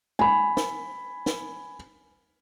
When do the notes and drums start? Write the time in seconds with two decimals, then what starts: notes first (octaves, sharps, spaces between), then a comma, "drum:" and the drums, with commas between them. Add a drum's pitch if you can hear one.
0.19 G#5 B5, drum: tom G#3
0.57 drum: snare
1.26 drum: snare